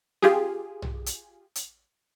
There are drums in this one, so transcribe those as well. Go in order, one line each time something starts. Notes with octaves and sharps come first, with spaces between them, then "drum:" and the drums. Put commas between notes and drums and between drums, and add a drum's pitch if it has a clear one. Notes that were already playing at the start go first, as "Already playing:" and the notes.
F4 G4 G#4, drum: snare
drum: tom B1
drum: hi-hat
drum: hi-hat